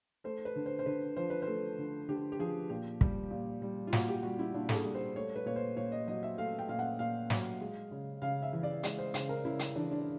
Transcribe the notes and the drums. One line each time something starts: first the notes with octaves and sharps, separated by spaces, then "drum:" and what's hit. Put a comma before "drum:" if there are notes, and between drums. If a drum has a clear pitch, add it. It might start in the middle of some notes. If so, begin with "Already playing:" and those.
A3 C5
B4
D3
C5
C5
D3 B4
F3 C5
B4
A3 C5
D3
D3 G4
G4
F3 G#4
A#2 G4
G3, drum: kick
A#2
G3
F4
A#2 F#4, drum: snare
G4
G3 F#4
E4
A#2 D4
A4, drum: snare
G#4
G3
C5
A3 C#5
B4
A#2 C#5
C5
A#2 C#5
D#5
F#3 D#5
E5
A3 F5
G5
A#2 F5
F#5
A#2 F5
F#3, drum: snare
G#3
C#3
C#3 F5
E5
E3
D5
G#3 D5, drum: hi-hat
C5
C#3 C5, drum: hi-hat
A#4
C#3 E4
drum: hi-hat
E3 D4
D4